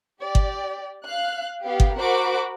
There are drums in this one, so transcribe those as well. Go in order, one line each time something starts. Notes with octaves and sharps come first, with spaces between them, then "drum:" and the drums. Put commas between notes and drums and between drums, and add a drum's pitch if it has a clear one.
G4 D5
drum: kick G1
F5 F#6
B3 G4 F5
drum: kick G1
F#4 A#4 C5 F#5 B5 D6